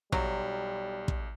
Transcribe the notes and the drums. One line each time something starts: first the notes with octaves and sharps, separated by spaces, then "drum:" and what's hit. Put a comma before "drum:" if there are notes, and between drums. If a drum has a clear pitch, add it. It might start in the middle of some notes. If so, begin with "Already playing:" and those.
B1 F#3 G3, drum: kick
drum: kick